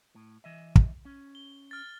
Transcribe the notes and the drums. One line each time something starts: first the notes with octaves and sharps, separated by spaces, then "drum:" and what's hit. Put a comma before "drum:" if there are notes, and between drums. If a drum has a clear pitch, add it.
A2
E3 D#5 E5
drum: kick
C#4
G7
F6 A6